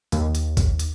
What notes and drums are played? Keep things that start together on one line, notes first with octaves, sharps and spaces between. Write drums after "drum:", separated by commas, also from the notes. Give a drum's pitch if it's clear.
D#2, drum: hi-hat
drum: hi-hat
drum: kick G#1, hi-hat
drum: hi-hat